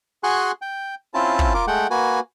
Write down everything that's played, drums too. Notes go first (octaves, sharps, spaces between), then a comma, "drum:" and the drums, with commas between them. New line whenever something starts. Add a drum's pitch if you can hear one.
F#4 G#4 G#5 C6 C#6 F#6
G5
C4 C#4 E4 F4 A5
drum: kick
F4 A#4 D6
G#3 A3 F#5 G5
A#3 F#4 B4 G#5